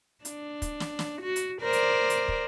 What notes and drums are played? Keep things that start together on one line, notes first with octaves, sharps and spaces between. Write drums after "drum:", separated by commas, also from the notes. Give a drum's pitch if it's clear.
D4, drum: hi-hat
drum: kick, hi-hat
drum: snare
drum: snare
F#4
drum: hi-hat
A#4 C5 D5
drum: hi-hat
drum: hi-hat
drum: kick